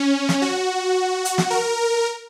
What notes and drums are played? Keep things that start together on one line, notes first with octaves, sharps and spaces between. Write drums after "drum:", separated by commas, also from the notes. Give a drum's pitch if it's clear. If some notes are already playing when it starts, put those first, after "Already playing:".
Already playing: C#4
drum: snare
F#4
drum: hi-hat
drum: snare
A#4